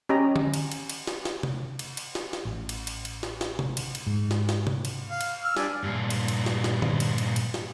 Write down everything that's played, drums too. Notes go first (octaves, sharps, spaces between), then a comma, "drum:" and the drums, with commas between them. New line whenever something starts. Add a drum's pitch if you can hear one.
C#4 G4 D#5 A#5
drum: tom D3
drum: cymbal
drum: cymbal
drum: cymbal
drum: snare
drum: snare
drum: tom C3
drum: cymbal
drum: cymbal
drum: snare
drum: snare
A1
drum: cymbal
drum: cymbal
drum: cymbal
drum: snare
drum: snare
drum: tom C3
drum: cymbal
drum: cymbal
G#2
drum: snare
drum: snare
drum: tom C3
drum: cymbal
F5
drum: cymbal
E6 F6
G3 D4 G#5, drum: snare
G2 A#2
drum: cymbal
drum: cymbal
drum: snare
drum: snare
drum: tom D3
drum: cymbal
drum: cymbal
drum: cymbal
drum: snare